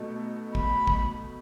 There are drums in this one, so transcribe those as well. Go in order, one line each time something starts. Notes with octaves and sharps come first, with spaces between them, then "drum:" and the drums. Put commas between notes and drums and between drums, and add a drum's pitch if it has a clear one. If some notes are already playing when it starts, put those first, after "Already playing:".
Already playing: B2 A3 D#4
B5, drum: kick
drum: kick